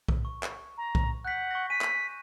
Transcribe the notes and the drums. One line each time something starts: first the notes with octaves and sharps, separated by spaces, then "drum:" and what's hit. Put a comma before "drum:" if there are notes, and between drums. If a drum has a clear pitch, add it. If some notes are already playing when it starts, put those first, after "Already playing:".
drum: kick B1
C#6
drum: clap
A#5
drum: kick B1
F#5 F#6 G6 B6
C#6 A#6
G#5 B6 D#7
drum: clap